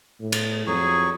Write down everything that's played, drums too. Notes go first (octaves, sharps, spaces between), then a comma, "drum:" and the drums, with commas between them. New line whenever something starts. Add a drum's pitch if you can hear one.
A2
drum: cymbal
F2 F#3 G#4 C#6